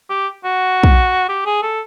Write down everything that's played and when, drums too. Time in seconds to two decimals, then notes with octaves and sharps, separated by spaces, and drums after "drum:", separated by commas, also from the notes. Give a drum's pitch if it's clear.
0.10 G4
0.45 F#4
0.84 drum: kick
1.29 G4
1.46 G#4
1.63 A4